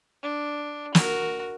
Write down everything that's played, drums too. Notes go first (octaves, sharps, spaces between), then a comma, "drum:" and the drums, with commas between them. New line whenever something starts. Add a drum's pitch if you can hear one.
D4
F#4 A#4, drum: snare